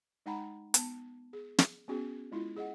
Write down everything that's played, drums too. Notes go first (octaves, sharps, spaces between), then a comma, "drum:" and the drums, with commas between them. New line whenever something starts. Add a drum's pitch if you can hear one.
G#3 D#4 F#5 G5 A#5 B5
B3 A5, drum: hi-hat
G#4
drum: snare
B3 C#4 F#4 G#4
G#3 E4 F4
G#4 D#5 F#5